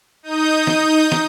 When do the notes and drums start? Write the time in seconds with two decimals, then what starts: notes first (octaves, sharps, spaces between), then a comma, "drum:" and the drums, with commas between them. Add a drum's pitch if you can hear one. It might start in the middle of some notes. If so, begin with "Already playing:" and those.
0.23 D#4 D#6 G6
0.67 drum: snare
1.12 drum: snare